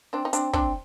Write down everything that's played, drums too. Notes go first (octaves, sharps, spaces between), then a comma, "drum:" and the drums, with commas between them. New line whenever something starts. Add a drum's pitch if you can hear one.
C4 D4
D#4
C4 D4, drum: hi-hat
C4 D4, drum: kick